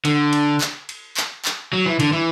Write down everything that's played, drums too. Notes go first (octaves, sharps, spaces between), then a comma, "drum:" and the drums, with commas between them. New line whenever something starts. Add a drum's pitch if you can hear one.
D3, drum: cymbal
drum: cymbal
drum: clap
drum: cymbal
drum: clap
drum: clap
F#3
E3
D3, drum: cymbal
E3